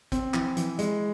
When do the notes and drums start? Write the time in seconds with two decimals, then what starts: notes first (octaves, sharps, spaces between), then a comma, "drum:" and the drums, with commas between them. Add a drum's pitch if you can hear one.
0.12 C4, drum: kick, hi-hat
0.34 E3, drum: clap
0.57 E3, drum: hi-hat
0.79 G#3, drum: hi-hat